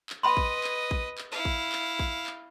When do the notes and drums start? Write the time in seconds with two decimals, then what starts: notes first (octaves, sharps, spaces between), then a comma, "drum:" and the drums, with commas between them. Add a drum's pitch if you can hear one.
0.10 drum: clap
0.23 B4 D#5 G5 B5 C6
0.37 drum: kick A#1
0.64 drum: clap
0.91 drum: kick A#1
1.18 drum: clap
1.32 E4 F5
1.45 drum: kick A#1
1.72 drum: clap
1.99 drum: kick A#1
2.27 drum: clap